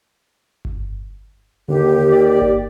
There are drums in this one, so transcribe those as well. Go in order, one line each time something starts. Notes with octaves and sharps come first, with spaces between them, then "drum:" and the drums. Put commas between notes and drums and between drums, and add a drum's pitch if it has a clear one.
drum: kick G1
D#2 D3 G4
D5
drum: kick G1